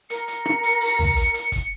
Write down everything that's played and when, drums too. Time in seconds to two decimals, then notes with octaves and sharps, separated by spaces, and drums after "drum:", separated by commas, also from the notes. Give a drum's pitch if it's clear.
0.10 A#4 C#7, drum: hi-hat
0.28 drum: hi-hat
0.45 drum: rim click
0.63 drum: hi-hat
0.81 drum: open hi-hat
0.99 drum: tom
1.16 drum: hi-hat
1.34 drum: hi-hat
1.52 drum: kick, hi-hat